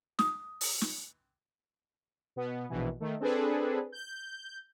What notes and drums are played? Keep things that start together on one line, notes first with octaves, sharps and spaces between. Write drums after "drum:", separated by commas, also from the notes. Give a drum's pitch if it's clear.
D#6, drum: snare
drum: open hi-hat
drum: snare
B2 B3
A#1 B2 E3
D#3 A3
C4 D4 G#4 A4 B4
G6